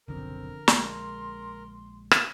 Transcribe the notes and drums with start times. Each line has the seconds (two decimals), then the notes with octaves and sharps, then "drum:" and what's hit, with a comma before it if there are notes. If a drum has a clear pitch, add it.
0.08 F#1 B1 D3 F3 C4 A#4
0.68 A#1 G#3 C6, drum: snare
2.11 drum: rim click